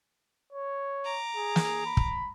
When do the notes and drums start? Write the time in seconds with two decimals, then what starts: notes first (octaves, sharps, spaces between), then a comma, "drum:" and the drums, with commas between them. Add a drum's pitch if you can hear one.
0.52 C#5
1.05 A#5 D6
1.36 G#4
1.56 drum: snare
1.86 B5
1.97 drum: kick